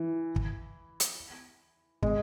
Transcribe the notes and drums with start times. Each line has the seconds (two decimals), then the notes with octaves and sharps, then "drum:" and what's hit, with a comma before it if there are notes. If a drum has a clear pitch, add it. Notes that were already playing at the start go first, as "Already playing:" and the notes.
Already playing: E3
0.36 drum: kick
1.00 drum: hi-hat
2.02 G#3, drum: kick